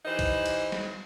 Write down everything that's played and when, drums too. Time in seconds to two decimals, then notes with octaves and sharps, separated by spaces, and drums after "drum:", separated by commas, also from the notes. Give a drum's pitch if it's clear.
0.05 E3 D#4 G4 C5
0.19 drum: kick B1, cymbal
0.46 drum: cymbal
0.72 drum: snare